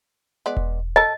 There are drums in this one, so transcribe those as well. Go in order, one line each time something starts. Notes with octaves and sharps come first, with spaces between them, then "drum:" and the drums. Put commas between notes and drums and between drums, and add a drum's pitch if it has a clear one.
G#3 B3 D5
drum: kick E1
A4 D#5 A5